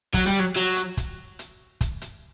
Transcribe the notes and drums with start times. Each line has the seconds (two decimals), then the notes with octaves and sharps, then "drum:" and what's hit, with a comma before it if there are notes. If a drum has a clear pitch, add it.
0.14 F#3, drum: kick, hi-hat
0.26 G3
0.39 F#3
0.56 F#3, drum: hi-hat
0.76 drum: hi-hat
0.97 drum: kick, hi-hat
1.39 drum: hi-hat
1.81 drum: kick, hi-hat
2.02 drum: hi-hat